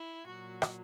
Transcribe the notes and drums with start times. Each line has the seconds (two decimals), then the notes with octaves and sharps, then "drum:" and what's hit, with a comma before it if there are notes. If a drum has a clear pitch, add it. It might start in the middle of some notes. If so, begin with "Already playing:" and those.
Already playing: E4
0.26 A#2 F#3 F#4
0.62 drum: rim click